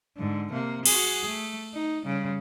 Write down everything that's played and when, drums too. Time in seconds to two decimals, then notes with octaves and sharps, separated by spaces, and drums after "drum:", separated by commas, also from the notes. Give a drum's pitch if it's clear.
0.17 G#2 D3
0.52 C3 A#3
0.86 F#4 G#4, drum: cymbal
1.27 A3
1.74 D#4
2.04 C#3 G3